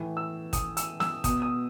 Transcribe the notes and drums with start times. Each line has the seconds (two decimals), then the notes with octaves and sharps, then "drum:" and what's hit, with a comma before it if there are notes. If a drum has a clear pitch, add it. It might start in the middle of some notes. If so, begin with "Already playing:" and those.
Already playing: A2 E3
0.17 E6
0.53 D#6, drum: kick, hi-hat
0.77 E6, drum: hi-hat
1.00 E6, drum: snare
1.24 B2 D#6, drum: kick, hi-hat
1.42 D#6